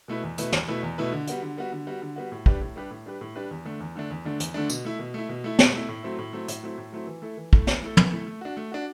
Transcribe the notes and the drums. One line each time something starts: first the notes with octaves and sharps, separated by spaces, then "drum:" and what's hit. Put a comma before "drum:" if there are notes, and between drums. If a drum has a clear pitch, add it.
B2 A3 E4 B4
E2
B2 A3 E4 B4, drum: hi-hat
E2, drum: snare
B2 A3 E4 B4
E2
B2 A3 E4 B4
D3
G3 B3 F#4, drum: hi-hat
D3
G3 B3 F#4
D3
G3 B3 F#4
D3
G3 B3 F#4
A2
G3 D4 G4 B4, drum: kick
A2
G3 D4 G4 B4
A2
G3 D4 G4 B4
A2
G3 D4 G4 B4
E2
D3 A3 D4
E2
D3 A3 D4
E2
D3 A3 D4
E2, drum: hi-hat
D3 A3 D4
B2, drum: tambourine
A3 E4
B2
A3 E4
B2
A3 E4
B2, drum: snare
A3 E4
A2
F#3 A3 C4 E4
A2
F#3 A3 C4 E4
A2, drum: hi-hat
F#3 A3 C4 E4
A2
F#3 A3 C4 E4
E3
A3 E4 A4
E3
A3 E4 A4, drum: kick
E3, drum: snare
A3 E4 A4
E3, drum: tom
A3 E4 A4
A3
D4 F#4
A3
D4 F#4